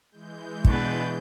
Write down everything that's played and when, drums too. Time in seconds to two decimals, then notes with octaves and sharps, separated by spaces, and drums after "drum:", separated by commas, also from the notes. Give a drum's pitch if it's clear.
0.10 E3 G#3 G6
0.65 B2 D4 B4, drum: kick